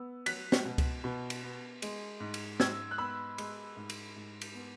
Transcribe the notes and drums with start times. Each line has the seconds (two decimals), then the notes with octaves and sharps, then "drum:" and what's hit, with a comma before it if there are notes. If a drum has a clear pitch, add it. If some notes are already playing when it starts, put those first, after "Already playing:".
Already playing: B3 E6
0.26 F#3 F#6 B6, drum: cymbal
0.52 drum: snare
0.65 B2
0.78 drum: kick C#2, cymbal
1.04 B2
1.30 drum: cymbal
1.43 B3
1.82 G#3, drum: cymbal
2.20 G#2
2.34 drum: cymbal
2.60 G#2 E6 G#6, drum: snare
2.91 F#6
2.98 B3 B5 E6
3.38 G#3, drum: cymbal
3.77 G#2
3.90 drum: cymbal
4.16 G#2
4.41 drum: cymbal
4.54 B3